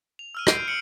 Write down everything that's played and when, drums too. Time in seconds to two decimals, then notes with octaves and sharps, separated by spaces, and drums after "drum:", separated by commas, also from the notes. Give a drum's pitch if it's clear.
0.19 F7
0.35 E6 F6 D#7
0.47 G6 C7 D7 D#7, drum: rim click
0.68 C#7 D7 F#7